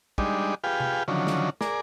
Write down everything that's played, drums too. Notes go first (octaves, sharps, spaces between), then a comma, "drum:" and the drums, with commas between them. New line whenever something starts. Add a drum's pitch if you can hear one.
G3 G#3 D4 D#4, drum: kick
F4 G4 G#4 B4 F5 G5
drum: tom C3
D3 D#3 F3 F#3 C#4
drum: snare
G#4 A#4 D5, drum: snare